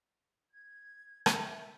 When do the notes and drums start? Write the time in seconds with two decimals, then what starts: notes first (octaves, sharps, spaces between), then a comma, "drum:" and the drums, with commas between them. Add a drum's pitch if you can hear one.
0.51 G#6
1.26 drum: rim click
1.35 E5